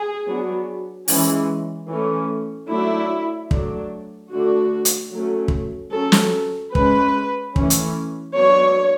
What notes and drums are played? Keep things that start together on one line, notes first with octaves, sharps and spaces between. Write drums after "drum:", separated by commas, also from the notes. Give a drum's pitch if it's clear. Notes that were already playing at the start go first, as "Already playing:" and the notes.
Already playing: G#4
F#3 B3 D4
E3 G#3 C#4, drum: open hi-hat
E3 A3 C#4
F#3 A3 D4 E4
F#3 A3 D4, drum: kick
D3 A3 D4 F#4
drum: hi-hat
F#3 A3 C#4
drum: kick
F#3 C#4 A4
drum: snare
G#3 C#4 B4, drum: kick
E3 A3 C#4, drum: kick
drum: hi-hat
F#3 B3 D4 C#5